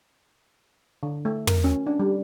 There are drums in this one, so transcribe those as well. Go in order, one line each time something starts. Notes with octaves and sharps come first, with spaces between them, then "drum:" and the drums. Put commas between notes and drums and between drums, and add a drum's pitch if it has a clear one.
D3
A3
A#4, drum: tom
C#4
D4
G3